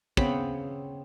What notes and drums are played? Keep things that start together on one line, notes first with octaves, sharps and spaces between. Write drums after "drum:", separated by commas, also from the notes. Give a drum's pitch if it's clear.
C#3 B3 C4 B5, drum: kick